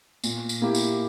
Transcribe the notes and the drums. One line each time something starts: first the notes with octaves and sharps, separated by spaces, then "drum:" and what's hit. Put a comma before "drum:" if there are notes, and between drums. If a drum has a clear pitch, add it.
A#2, drum: tambourine
drum: tambourine
A#3 E4 G4
drum: tambourine